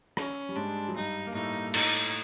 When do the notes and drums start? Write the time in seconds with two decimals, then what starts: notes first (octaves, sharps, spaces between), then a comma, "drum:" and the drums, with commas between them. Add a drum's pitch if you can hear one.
0.17 C#4, drum: rim click
0.49 G3
0.56 G#2 G#3 D4
0.88 F#3
0.95 G2 G3 D#4
1.27 A#3
1.34 A2 A3 D#4
1.74 A2 A3 D#4, drum: cymbal